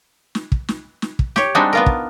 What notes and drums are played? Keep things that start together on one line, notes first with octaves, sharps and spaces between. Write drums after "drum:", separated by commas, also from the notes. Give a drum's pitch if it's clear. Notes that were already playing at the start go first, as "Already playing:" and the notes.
drum: snare
drum: kick
drum: snare
drum: snare
drum: kick
G4 C#5, drum: snare
G3 G#3 C4 D4 D#4 F#4
B3 F4 A#4
drum: kick